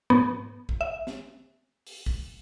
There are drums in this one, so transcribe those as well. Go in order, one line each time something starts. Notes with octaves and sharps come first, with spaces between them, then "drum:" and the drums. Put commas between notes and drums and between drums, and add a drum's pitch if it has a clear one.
B3, drum: tom G#2
drum: kick
E5
drum: snare
drum: open hi-hat
drum: kick